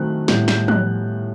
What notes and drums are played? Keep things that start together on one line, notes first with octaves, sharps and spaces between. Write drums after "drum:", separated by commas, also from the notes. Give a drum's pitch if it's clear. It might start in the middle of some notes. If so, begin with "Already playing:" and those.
Already playing: D#3 F#3 A3 C4 F#6
A2 G3 B3 G6, drum: snare
G6, drum: snare
F#6, drum: tom